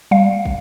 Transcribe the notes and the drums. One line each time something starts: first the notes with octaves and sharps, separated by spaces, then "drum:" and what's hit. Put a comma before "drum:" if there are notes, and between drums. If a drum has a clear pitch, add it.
G3 F5
drum: kick